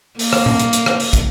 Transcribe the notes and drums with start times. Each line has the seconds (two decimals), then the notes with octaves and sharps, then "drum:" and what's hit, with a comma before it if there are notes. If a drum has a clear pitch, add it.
0.19 A#3, drum: open hi-hat
0.33 drum: rim click
0.46 drum: tom A#2
0.59 drum: hi-hat
0.73 drum: hi-hat
0.86 drum: rim click
1.00 drum: open hi-hat
1.13 drum: kick, hi-hat